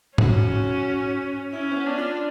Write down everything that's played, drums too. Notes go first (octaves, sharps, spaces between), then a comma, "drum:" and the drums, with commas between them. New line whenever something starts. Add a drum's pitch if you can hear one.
C#4 F#4, drum: tom
C#4 E4
C4
B3
D4
F4